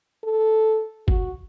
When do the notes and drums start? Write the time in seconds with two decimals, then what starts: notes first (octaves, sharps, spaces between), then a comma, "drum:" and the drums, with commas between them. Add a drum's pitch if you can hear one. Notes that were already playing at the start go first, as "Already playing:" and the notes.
0.24 A4
1.08 F#4, drum: kick G1